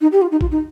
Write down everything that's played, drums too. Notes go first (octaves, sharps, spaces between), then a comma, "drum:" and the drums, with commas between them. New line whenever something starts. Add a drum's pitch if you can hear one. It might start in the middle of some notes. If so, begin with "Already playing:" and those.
D#4
G4
F4
D#4
F4, drum: kick
D#4